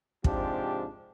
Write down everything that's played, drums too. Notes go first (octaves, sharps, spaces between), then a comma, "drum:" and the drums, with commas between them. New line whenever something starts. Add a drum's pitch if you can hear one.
G#2 C3 F3 D4 G4, drum: kick